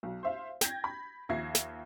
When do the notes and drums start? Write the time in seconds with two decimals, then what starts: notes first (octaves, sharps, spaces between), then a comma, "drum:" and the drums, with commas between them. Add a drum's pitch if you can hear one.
0.03 B1
0.23 C5 E5 F5
0.61 G5 G6 G#6 A#6, drum: snare
0.84 B5
1.29 D#2 F3 E5 G#6 A#6 C7
1.55 drum: snare